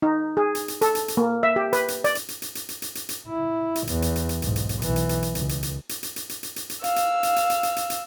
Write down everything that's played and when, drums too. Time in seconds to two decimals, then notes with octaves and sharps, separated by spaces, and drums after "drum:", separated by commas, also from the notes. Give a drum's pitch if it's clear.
0.02 D#4
0.37 G#4
0.55 drum: hi-hat
0.68 drum: hi-hat
0.81 A4, drum: hi-hat
0.95 drum: hi-hat
1.08 drum: hi-hat
1.17 A#3
1.43 E5
1.56 G4
1.73 B4, drum: hi-hat
1.88 drum: hi-hat
2.04 D5, drum: hi-hat
2.15 drum: hi-hat
2.28 drum: hi-hat
2.42 drum: hi-hat
2.55 drum: hi-hat
2.69 drum: hi-hat
2.82 drum: hi-hat
2.95 drum: hi-hat
3.09 drum: hi-hat
3.27 E4
3.75 drum: hi-hat
3.87 E2, drum: hi-hat
4.02 drum: hi-hat
4.16 drum: hi-hat
4.29 drum: hi-hat
4.42 B1 G#2, drum: hi-hat
4.56 drum: hi-hat
4.69 drum: hi-hat
4.82 B1 E3, drum: hi-hat
4.96 drum: hi-hat
5.09 drum: hi-hat
5.22 drum: hi-hat
5.35 C#2, drum: hi-hat
5.49 drum: hi-hat
5.63 drum: hi-hat
5.89 drum: hi-hat
6.03 drum: hi-hat
6.16 drum: hi-hat
6.29 drum: hi-hat
6.43 drum: hi-hat
6.56 drum: hi-hat
6.70 drum: hi-hat
6.84 F5 E6, drum: hi-hat
6.96 drum: hi-hat
7.23 drum: hi-hat
7.36 drum: hi-hat
7.50 drum: hi-hat
7.63 drum: hi-hat
7.76 drum: hi-hat
7.90 drum: hi-hat